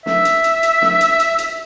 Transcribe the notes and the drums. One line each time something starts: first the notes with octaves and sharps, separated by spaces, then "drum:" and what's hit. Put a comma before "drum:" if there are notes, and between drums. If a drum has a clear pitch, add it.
E5, drum: snare
drum: hi-hat
drum: hi-hat
drum: hi-hat
drum: snare
drum: hi-hat
drum: hi-hat
drum: hi-hat